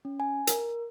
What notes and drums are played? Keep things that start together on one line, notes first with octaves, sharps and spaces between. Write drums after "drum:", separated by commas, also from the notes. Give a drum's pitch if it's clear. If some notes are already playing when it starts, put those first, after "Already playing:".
C#4
G#5
A#4, drum: hi-hat